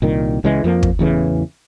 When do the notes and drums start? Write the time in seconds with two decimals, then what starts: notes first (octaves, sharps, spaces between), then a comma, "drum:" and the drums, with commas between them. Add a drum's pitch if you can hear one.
0.02 C2 A#2 D#3
0.44 C#2 C#3 E3 G#3
0.64 F2 F3 A#3
0.83 drum: kick
0.99 A1 E2 C#3 E3